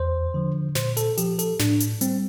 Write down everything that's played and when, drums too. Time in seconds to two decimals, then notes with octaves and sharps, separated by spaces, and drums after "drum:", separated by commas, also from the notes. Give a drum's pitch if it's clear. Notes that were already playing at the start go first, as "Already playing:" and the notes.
Already playing: E2 C5
0.34 D3 F3
0.75 A#2 C5, drum: snare
0.97 A4, drum: hi-hat
1.17 F3 G4, drum: hi-hat
1.39 A4, drum: hi-hat
1.60 A2 D4, drum: snare
1.80 drum: hi-hat
2.01 G3 C4, drum: hi-hat